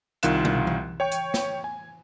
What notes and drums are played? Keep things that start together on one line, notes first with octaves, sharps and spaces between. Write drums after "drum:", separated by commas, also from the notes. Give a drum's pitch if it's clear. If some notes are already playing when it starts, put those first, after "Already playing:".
C2 D#3 F4 F5 F#6 E7, drum: hi-hat
drum: tom
drum: tom E3
C#5 G5 C#6
drum: hi-hat
drum: snare
G#5